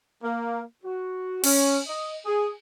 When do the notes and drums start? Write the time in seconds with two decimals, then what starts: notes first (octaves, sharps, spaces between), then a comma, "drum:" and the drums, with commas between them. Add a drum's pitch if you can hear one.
0.23 A#3
0.84 F#4
1.44 C#4, drum: cymbal
1.88 D#5
2.26 G#4